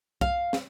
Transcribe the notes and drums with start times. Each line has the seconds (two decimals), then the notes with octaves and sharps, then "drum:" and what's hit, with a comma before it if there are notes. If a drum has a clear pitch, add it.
0.21 F5, drum: kick B1
0.53 drum: snare